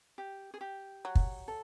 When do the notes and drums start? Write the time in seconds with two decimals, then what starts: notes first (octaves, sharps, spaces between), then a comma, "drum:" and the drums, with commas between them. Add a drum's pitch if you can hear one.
0.18 G4
0.54 G#4
0.61 G4
1.05 F#3
1.15 drum: kick
1.48 A4